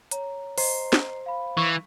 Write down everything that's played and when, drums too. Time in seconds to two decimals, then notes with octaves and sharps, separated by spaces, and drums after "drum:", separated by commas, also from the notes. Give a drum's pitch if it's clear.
0.11 C#5 A#5, drum: hi-hat
0.58 C5 D#5 A#5 C7, drum: open hi-hat
0.93 drum: snare
1.26 F5 B5
1.57 E3 C#6